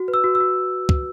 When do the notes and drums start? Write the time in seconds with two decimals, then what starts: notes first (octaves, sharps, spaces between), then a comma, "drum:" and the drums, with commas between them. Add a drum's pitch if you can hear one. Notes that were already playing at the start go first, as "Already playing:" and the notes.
Already playing: F#4
0.08 B4
0.14 E6
0.24 F#4
0.35 E6
0.40 F#4
0.89 drum: kick